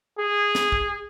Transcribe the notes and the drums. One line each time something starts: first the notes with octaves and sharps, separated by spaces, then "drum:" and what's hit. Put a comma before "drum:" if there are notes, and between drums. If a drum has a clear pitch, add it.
G#4
drum: snare
drum: kick